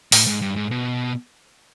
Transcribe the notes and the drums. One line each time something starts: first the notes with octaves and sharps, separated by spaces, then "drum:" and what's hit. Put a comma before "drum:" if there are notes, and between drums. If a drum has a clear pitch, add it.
A2, drum: open hi-hat
G#2
G2
G#2
B2